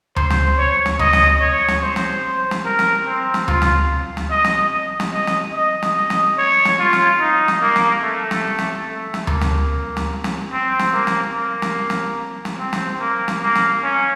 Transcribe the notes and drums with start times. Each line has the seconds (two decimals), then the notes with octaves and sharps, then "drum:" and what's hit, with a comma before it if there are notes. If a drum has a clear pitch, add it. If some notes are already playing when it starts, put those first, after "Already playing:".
0.16 C5, drum: tom D2
0.30 drum: snare
0.58 C#5
0.86 drum: snare
0.99 D#5, drum: tom D2
1.13 drum: snare
1.41 C#5
1.68 drum: snare
1.82 C5
1.96 drum: snare
2.51 drum: snare
2.65 A#4
2.79 drum: snare
3.06 C4
3.34 drum: snare
3.48 F4, drum: tom D2
3.62 drum: snare
4.17 drum: snare
4.30 D#5
4.44 drum: snare
5.00 drum: snare
5.14 D#5
5.27 drum: snare
5.55 D#5
5.82 drum: snare
5.96 D#5
6.10 drum: snare
6.38 C#5
6.65 drum: snare
6.79 F4
6.93 drum: snare
7.21 D#4
7.48 drum: snare
7.62 A#3
7.76 drum: snare
8.03 A3
8.31 drum: snare
8.59 drum: snare
8.86 A3
9.14 drum: snare
9.27 A#3, drum: tom D2
9.41 drum: snare
9.97 drum: snare
10.24 drum: snare
10.52 C4
10.79 drum: snare
10.93 A#3
11.07 drum: snare
11.34 A#3
11.62 drum: snare
11.90 drum: snare
12.45 drum: snare
12.58 C4
12.73 drum: snare
13.00 A#3
13.28 drum: snare
13.42 A#3
13.55 drum: snare
13.83 C#4